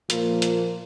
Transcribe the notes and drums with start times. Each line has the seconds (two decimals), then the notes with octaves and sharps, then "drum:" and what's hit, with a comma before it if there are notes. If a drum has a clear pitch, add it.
0.10 A#2 F3 A#3 F4, drum: hi-hat
0.42 drum: hi-hat